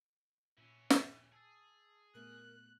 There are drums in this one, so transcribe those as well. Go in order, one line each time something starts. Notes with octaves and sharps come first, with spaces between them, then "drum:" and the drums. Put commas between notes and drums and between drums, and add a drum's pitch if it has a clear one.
A#2 E3 C#4
drum: snare
G#4 A5 E6 A6
A#2 A3 B3 A#4 F#6